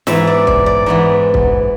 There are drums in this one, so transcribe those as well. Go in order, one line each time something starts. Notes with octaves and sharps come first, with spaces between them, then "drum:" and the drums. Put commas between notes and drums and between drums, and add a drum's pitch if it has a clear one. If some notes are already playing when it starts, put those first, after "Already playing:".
G#2 E3 B3 E5, drum: snare
D5
D5, drum: kick
D5
G#2 E3 B3
drum: kick